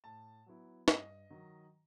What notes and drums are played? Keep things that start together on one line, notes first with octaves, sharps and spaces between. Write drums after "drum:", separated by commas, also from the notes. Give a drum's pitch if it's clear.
A2 A5
F#3 B3 E4
G2 D#5, drum: snare
D#3 F#3